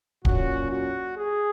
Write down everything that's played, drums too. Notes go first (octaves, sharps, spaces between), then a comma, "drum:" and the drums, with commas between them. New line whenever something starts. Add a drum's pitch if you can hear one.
A#2 F#3 C#4 F#4, drum: kick
F#4
G#4